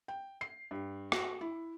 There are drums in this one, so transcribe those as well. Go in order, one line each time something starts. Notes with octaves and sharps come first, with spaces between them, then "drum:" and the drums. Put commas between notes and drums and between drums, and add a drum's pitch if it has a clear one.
G5
C7
G2
F#4, drum: rim click
E4